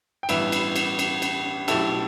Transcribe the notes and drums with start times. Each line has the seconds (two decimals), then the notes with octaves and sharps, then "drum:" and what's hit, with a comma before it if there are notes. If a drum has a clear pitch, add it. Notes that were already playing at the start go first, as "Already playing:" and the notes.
0.23 G5
0.29 A1 G2 E3 G3 B3 B4 E5, drum: cymbal
0.52 drum: cymbal
0.76 drum: cymbal
0.99 drum: cymbal
1.22 drum: cymbal
1.68 B1 B2 A3 E4 G4 A4, drum: cymbal